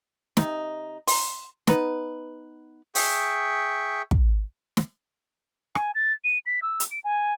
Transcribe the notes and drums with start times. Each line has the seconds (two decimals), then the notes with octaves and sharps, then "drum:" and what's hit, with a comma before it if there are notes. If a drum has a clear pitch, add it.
0.37 C3 D#4, drum: snare
1.07 A#5 C6, drum: open hi-hat
1.67 B3 D#4 B4, drum: snare
2.95 G#4 E5 G5 C#6, drum: open hi-hat
4.11 drum: kick
4.77 drum: snare
5.75 G#5, drum: rim click
5.95 A6
6.24 D#7
6.46 B6
6.62 E6
6.80 drum: hi-hat
6.91 D7
7.04 G#5